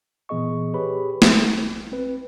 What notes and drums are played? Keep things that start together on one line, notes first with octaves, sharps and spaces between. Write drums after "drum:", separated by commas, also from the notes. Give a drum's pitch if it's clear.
A#2 E3 B3 G#4 D#5 C#6
G4 G#4 B4 C#5 B5
A#1, drum: snare
C4 B4